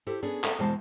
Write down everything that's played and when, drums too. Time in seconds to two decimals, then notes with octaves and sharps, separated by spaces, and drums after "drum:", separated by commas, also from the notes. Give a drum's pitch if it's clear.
0.07 E4 G4 A4 C5
0.22 B3 C#4 D4 G#4 B4
0.44 A4, drum: clap
0.58 E2 B2 E3 G#3 C5 A5